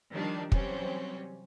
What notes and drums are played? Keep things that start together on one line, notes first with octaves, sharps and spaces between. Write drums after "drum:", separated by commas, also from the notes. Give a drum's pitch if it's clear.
D#3 F3 G3 D4 D#4
C3 E3 F#3 G3 C4 C#4, drum: kick